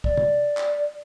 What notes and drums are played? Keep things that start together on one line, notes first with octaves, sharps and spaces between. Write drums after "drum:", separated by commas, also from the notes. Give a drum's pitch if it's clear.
D5, drum: kick
drum: tom
drum: clap